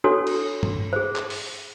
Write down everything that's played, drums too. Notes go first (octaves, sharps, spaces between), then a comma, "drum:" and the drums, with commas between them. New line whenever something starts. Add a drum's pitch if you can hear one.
D4 F#4 A4 C#5
drum: cymbal
drum: tom G2
G#4 C5
drum: clap
drum: open hi-hat